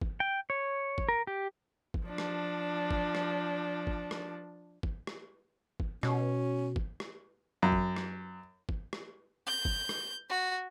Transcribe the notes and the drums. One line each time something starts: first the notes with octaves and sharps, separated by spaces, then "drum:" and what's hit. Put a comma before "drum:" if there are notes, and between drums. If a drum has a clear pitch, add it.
drum: kick
G5
C#5
drum: kick
A#4
G4
drum: kick
F3 D4
drum: rim click
drum: kick
drum: rim click
drum: kick
drum: rim click
drum: kick
drum: rim click
drum: kick
B2 C#4, drum: rim click
drum: kick
drum: rim click
F#2
drum: kick
drum: rim click
drum: kick
drum: rim click
G6
drum: kick
drum: rim click
F#4